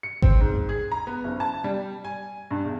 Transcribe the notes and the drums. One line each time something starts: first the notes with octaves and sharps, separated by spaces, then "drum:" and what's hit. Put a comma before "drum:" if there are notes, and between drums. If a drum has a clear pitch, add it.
C#7
C4, drum: kick G#1
G#2
G#4
A#5
B3
F#1
A5
G3
G#5
G2
E2